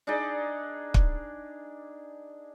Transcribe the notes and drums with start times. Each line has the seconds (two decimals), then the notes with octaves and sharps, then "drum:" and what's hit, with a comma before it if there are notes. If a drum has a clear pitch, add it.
0.07 D4 D#4 G#4 D5
0.94 drum: kick